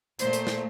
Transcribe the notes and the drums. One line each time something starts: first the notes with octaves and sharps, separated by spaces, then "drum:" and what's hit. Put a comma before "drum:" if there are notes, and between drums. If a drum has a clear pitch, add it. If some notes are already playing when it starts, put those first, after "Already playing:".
A#2 A3 C5, drum: hi-hat
drum: hi-hat
drum: snare